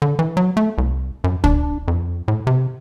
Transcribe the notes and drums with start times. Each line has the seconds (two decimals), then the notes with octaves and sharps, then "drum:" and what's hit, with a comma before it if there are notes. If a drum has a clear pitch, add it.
0.02 D3
0.19 E3
0.37 F#3
0.57 A3
0.78 C2
1.24 F#2
1.44 D4, drum: kick
1.88 F2
2.28 A2
2.47 C3